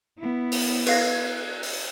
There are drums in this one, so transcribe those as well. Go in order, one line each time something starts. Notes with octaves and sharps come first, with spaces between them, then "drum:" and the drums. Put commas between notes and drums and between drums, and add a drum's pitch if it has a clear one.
B3 E4
drum: open hi-hat
B4 F5 A#6, drum: cymbal
drum: open hi-hat